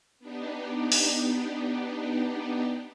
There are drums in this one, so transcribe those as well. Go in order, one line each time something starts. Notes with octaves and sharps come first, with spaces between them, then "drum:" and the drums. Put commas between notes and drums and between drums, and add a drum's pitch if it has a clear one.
B3 D4 D#4 G4
drum: open hi-hat